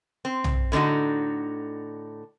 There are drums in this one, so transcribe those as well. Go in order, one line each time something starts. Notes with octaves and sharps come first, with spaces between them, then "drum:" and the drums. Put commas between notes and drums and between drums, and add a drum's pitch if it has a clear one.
C4
drum: tom B1
A2 D3 B3 D#4 F#4